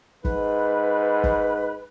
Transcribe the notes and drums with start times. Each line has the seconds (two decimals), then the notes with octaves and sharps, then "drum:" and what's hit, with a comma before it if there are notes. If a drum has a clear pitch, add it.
0.25 G#2 B4, drum: kick
1.24 drum: kick